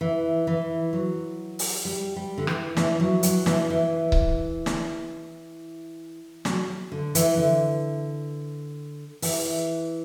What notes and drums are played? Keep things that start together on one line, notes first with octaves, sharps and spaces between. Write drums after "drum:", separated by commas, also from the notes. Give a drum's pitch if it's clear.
E3
E3
F#3
drum: open hi-hat
G3
G3
D3
E3, drum: rim click
E3, drum: snare
F#3
F#3, drum: hi-hat
E3, drum: snare
E3
drum: kick C#1
drum: snare
F#3, drum: snare
D3
E3, drum: hi-hat
D3
E3, drum: open hi-hat